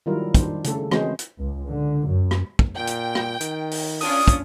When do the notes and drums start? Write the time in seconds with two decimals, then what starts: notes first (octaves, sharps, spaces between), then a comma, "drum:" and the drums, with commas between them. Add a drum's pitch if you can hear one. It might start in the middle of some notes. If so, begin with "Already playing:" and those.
0.06 D#3 F#3 G3 E4 F4 A#4
0.35 D#3 G3 D4 C5, drum: kick, hi-hat
0.64 C#3 A3 A4, drum: hi-hat
0.91 E3 G#3 C4 C#4 F#4 C5, drum: rim click
1.19 drum: hi-hat
1.38 C#2
1.71 D3
2.09 F#2
2.31 drum: rim click
2.59 drum: kick
2.78 A#2 G5
2.87 drum: hi-hat
3.15 drum: rim click
3.40 D#3, drum: hi-hat
3.71 drum: open hi-hat
4.01 C#4 D4 F4 D#6, drum: open hi-hat
4.28 drum: kick, hi-hat